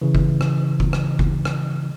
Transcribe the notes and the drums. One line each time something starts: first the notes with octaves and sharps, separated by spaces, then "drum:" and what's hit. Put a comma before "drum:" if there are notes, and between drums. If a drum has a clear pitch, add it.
C#3 E3
drum: kick F#1
drum: rim click
drum: kick F#1
drum: rim click
drum: kick F#1
drum: rim click